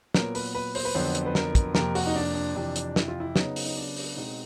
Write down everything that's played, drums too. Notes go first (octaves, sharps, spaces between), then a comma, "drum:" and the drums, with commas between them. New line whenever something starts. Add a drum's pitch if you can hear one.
A#2 F#3 B3 A#4, drum: snare
B4, drum: open hi-hat
B4
C5, drum: open hi-hat
B4
F2 D3 F#3 B3 C5
drum: hi-hat
B4
A#4, drum: snare
drum: kick, hi-hat
F2 C3 F3 A#3 A#4, drum: snare
F#4, drum: open hi-hat
D#4
D4
D4
F2 C3 E3 D4
drum: hi-hat
E4, drum: snare
F4
E4
C#3 F#3 B3 D#4, drum: snare
drum: open hi-hat
D#4
D4
drum: open hi-hat
B2 G#3 C4 D#4